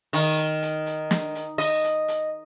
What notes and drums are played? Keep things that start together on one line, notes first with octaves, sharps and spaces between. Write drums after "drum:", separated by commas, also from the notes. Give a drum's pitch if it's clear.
D#3, drum: open hi-hat
drum: hi-hat
drum: hi-hat
drum: hi-hat
drum: snare
drum: hi-hat
D#5, drum: open hi-hat
drum: hi-hat
drum: hi-hat